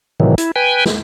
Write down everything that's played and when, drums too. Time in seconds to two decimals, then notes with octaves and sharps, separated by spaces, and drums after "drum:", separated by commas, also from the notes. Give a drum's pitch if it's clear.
0.20 A2 C3 D#3 E3 F#3
0.38 E4, drum: hi-hat
0.56 B4 G5 G#5
0.86 drum: snare